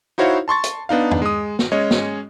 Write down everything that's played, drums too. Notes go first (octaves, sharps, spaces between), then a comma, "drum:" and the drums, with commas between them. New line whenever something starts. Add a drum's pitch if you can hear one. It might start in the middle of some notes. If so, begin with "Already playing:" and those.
D#4 E4 F#4 C5 C#5 F5
A5 C6 C#6 A6
drum: hi-hat
B3 D4 D#4 F5
drum: tom E2
G#3 D#6
drum: snare
G#3 C#4 C#5 D#5
drum: snare